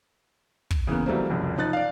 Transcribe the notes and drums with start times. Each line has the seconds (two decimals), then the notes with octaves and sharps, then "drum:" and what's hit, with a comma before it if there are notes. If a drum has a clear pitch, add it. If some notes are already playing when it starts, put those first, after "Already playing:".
0.71 drum: kick
0.87 C#3 E3 A#3 B3
1.06 E3 F#3 G3 A3 A#3 C4
1.30 F#1 C2 F2
1.58 F3 D#4 F#6 A6
1.73 D5 F5